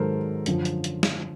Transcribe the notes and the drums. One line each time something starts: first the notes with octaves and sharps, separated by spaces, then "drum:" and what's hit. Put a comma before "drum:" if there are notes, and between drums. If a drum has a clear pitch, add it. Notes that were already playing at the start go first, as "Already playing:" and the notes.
Already playing: G#2 D#3 F#3 A4 A#4 C5
F#2 D3 F3, drum: hi-hat
drum: hi-hat
drum: hi-hat
drum: snare